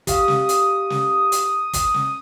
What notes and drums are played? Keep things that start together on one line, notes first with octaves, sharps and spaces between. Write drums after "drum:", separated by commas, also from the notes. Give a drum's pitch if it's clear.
G4 F5 D#6, drum: kick, hi-hat
drum: snare
drum: hi-hat
drum: snare
drum: hi-hat
drum: kick, hi-hat
drum: snare